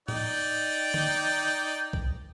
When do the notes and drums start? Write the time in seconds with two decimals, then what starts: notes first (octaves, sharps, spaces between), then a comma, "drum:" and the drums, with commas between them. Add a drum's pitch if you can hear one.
0.08 D#4 D5 G5, drum: tom A2
0.94 drum: tom D3
1.93 drum: kick B1